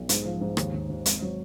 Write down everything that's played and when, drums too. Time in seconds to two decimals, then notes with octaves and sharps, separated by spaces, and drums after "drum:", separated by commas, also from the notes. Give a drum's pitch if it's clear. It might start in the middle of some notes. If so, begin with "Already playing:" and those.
Already playing: B1
0.09 G#2, drum: hi-hat
0.25 F3
0.41 G#2
0.57 D#2, drum: rim click
0.74 D#2
0.89 D#2
1.06 G#1, drum: hi-hat
1.22 F#3